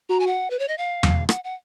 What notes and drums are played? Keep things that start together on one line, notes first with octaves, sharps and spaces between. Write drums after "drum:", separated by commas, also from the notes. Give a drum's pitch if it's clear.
F#4 A#5
G#5
F#5
B4
C#5
D#5
F5
drum: tom E2
F#5, drum: rim click
F#5